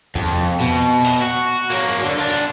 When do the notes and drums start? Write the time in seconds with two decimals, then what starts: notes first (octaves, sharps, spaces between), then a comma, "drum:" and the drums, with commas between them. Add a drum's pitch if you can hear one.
0.15 F2, drum: tom E2
0.61 B2, drum: hi-hat
1.05 drum: open hi-hat
1.22 F#4
1.70 F#3 A#3
2.02 D3
2.18 D4 F4